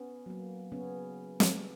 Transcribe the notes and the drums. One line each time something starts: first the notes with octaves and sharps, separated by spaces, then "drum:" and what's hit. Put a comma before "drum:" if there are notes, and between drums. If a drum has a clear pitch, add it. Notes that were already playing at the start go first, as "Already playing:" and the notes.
Already playing: B3 C#4
F#3 A#3
C#3 B3 C#4
drum: snare